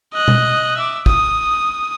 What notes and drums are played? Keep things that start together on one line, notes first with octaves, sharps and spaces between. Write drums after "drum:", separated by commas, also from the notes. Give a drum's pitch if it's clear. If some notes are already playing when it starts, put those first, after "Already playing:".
D#5 F#6
drum: tom B2
E5 D6
D#6, drum: kick